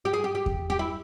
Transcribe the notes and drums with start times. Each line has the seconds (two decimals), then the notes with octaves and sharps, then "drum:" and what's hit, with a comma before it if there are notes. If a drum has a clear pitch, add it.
0.05 G4
0.13 G#4
0.24 G4
0.35 G4
0.46 drum: kick E2
0.70 G4
0.79 E4